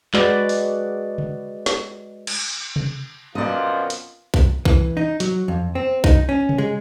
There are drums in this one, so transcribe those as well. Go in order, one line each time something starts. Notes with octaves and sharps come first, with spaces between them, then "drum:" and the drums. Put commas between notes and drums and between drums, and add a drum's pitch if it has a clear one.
G#3 F#4 B4 D5, drum: clap
drum: open hi-hat
drum: tom C#3
drum: snare
drum: cymbal
drum: tom C3
F#2 B2 C4 F4 D5 D#5
drum: hi-hat
drum: kick B1
E3, drum: kick B1
D#4
F#3, drum: hi-hat
F2
C4
D#4, drum: kick B1
C#4
drum: tom C3
G#3